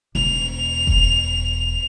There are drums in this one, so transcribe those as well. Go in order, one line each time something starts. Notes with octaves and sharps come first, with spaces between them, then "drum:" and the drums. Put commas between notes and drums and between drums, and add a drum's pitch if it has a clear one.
E1 F7
drum: kick F1